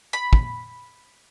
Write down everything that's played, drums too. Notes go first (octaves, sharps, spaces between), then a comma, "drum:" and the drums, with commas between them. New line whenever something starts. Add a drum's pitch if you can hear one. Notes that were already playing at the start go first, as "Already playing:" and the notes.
B5
drum: kick